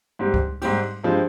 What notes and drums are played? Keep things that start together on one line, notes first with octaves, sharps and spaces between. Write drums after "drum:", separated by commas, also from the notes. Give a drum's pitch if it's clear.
G#2 G3 C4 G4
drum: kick C#2
G#2 G3 C4 G4, drum: cymbal
G2 F3 G#3 C4